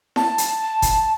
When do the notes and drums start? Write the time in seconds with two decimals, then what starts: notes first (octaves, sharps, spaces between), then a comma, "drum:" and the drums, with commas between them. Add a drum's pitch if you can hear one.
0.16 A5, drum: snare E4
0.38 drum: hi-hat
0.82 drum: kick G1, hi-hat